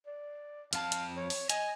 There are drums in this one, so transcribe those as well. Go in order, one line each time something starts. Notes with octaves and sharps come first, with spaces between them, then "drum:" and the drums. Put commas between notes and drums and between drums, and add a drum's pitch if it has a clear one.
D5
F2 F4 F5 A5, drum: hi-hat
drum: hi-hat
C#5
drum: open hi-hat
D#5 G#5, drum: hi-hat